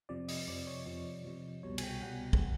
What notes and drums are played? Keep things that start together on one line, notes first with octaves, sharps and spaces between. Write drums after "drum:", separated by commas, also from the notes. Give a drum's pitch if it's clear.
F2 C3 F3 D5
D#5, drum: open hi-hat
F2 C3 F3 D5
C#5
F2 C3 F3
F2 C3 F3
C2 B2 G3 C#5
G#5, drum: cymbal
G5
C2 B2 G3 F#5
drum: kick